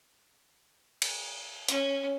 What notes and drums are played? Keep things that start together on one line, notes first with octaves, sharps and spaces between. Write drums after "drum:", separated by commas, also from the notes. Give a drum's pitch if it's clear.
drum: cymbal
C#4, drum: hi-hat